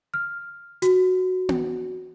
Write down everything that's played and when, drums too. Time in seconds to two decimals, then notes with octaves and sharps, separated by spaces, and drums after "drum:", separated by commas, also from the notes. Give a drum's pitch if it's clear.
0.14 F6
0.82 F#4, drum: hi-hat
1.49 drum: tom B3